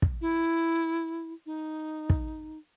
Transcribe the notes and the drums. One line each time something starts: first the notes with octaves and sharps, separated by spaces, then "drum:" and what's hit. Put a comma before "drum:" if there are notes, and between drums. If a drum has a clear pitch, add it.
drum: kick
E4
D#4
drum: kick